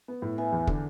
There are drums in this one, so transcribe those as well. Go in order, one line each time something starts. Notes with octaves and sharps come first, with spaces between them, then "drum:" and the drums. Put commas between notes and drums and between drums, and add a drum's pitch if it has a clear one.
B3
A2
B3 E5 G#5
E2
D3, drum: kick